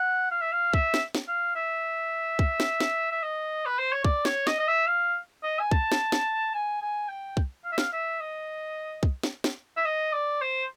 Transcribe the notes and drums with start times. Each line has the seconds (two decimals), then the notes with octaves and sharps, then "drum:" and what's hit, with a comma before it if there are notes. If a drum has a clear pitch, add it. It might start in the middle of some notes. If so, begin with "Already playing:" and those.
Already playing: F#5
0.31 F5
0.41 E5
0.52 F5
0.74 E5, drum: kick
0.94 drum: snare
1.15 drum: snare
1.28 F5
1.55 E5
2.39 drum: kick
2.60 drum: snare
2.80 drum: snare
3.11 E5
3.23 D#5
3.66 B4
3.79 C5
3.92 C#5
4.04 D5, drum: kick
4.25 C#5, drum: snare
4.47 D#5, drum: snare
4.59 D#5
4.68 E5
4.87 F5
5.43 D#5
5.60 G#5
5.71 A5, drum: kick
5.92 drum: snare
6.12 drum: snare
6.54 G#5
6.82 G#5
7.09 G5
7.37 drum: kick
7.64 F5
7.72 E5
7.78 F5, drum: snare
7.93 E5
8.20 D#5
9.03 drum: kick
9.23 drum: snare
9.44 drum: snare
9.77 E5
9.85 D#5
10.13 D5
10.41 C5